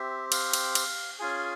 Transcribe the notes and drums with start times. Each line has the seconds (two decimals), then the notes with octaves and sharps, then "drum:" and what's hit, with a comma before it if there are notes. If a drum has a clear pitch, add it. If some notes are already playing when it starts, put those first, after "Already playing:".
Already playing: C4 G4 E5
0.32 F5, drum: cymbal
0.53 drum: cymbal
0.75 drum: cymbal
1.19 C#4 F4 G#4 G#5